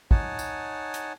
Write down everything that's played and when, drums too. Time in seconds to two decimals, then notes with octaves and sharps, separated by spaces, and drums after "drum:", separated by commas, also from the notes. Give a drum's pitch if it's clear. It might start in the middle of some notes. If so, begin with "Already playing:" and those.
0.11 D#4 C#5 F#5 G#5 A5, drum: kick
0.39 drum: tambourine
0.94 drum: hi-hat